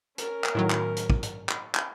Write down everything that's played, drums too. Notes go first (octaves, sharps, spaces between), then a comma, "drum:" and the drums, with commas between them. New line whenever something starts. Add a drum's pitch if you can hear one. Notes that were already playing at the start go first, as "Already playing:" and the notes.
C#4 A#4, drum: hi-hat
drum: clap
A2 D#3 F#3
drum: clap
drum: hi-hat
drum: kick
drum: hi-hat
drum: clap
drum: clap